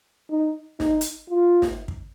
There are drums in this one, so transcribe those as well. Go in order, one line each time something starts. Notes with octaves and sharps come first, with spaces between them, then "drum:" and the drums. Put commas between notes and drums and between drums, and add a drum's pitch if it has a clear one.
D#4
D#4, drum: snare
drum: hi-hat
F4
drum: snare
drum: kick